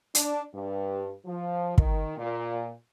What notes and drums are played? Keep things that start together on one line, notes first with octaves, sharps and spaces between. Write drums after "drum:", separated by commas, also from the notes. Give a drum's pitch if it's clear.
D4, drum: hi-hat
G2
F3
D#3, drum: kick
A#2